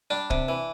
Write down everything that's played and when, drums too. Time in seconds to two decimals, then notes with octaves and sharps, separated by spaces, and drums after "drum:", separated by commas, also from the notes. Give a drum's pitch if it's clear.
0.10 G3 D4
0.30 C3, drum: kick
0.48 E3